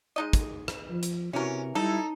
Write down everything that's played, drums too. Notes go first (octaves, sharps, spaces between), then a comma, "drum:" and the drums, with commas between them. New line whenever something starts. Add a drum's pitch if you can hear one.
G#3 D#4 D#5
drum: kick, hi-hat
drum: rim click
F3
drum: hi-hat
C3 E3 C#4 F#4 A#4
G3 D#4 E4 A4